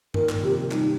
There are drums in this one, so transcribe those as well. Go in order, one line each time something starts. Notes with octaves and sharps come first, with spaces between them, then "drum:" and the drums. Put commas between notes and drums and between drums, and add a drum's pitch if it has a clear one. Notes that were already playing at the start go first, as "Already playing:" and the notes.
A#2 D#3 A#4, drum: tom G2
drum: clap
C3 F3 G4
D#3 G3 D#4, drum: clap